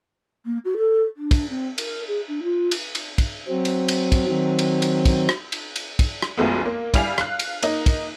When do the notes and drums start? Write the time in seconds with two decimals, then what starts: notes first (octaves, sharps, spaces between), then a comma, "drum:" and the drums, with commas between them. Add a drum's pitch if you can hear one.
0.45 A#3
0.65 F#4
0.77 A4
1.16 D4
1.31 drum: kick, cymbal
1.49 C4
1.78 A#4, drum: cymbal
2.08 G#4
2.28 D4
2.43 F4
2.71 drum: cymbal
2.95 drum: cymbal
3.18 drum: kick, cymbal
3.48 F#3 C4
3.65 drum: cymbal
3.88 drum: cymbal
4.12 drum: kick, cymbal
4.27 D#3 F#3 C4
4.59 drum: cymbal
4.82 drum: cymbal
5.05 drum: kick, cymbal
5.29 drum: rim click
5.52 drum: cymbal
5.76 drum: cymbal
5.99 drum: kick, cymbal
6.22 drum: rim click
6.38 B1 F#2 F3 G#3 A3 B3
6.66 A#3
6.94 G3 D4 E4 F5 G#5 F7, drum: kick, cymbal
7.18 F5 F#6, drum: rim click
7.39 drum: cymbal
7.63 A#3 D#4, drum: cymbal
7.86 drum: kick, cymbal